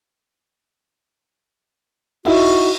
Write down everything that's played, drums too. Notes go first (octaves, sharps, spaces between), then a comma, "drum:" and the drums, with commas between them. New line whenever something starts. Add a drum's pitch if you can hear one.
D#4 E4 F#4, drum: cymbal